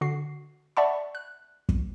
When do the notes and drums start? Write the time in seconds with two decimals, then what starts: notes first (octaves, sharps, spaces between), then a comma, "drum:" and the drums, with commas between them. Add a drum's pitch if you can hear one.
0.01 D3 F#4 C7
0.77 D5 E5 F#5 A5 B5 C#6
1.15 F#6
1.69 drum: kick